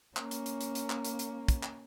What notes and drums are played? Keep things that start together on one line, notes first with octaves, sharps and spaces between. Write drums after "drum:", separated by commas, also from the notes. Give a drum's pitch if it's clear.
A#3 C#4, drum: clap
drum: hi-hat
drum: hi-hat
drum: hi-hat
drum: hi-hat
drum: clap
drum: hi-hat
drum: hi-hat
drum: kick, hi-hat
drum: clap